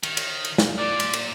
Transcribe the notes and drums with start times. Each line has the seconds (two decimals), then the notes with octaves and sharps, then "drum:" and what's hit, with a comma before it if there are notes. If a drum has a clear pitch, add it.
0.03 D#3, drum: cymbal
0.17 drum: cymbal
0.45 drum: cymbal
0.58 drum: snare
0.78 A#2 D5
1.00 drum: cymbal
1.13 drum: cymbal